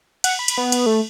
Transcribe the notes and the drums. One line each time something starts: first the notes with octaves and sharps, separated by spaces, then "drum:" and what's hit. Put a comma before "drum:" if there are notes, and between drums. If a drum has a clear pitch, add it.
F#5, drum: cymbal
B5
drum: cymbal
B3
drum: cymbal
A3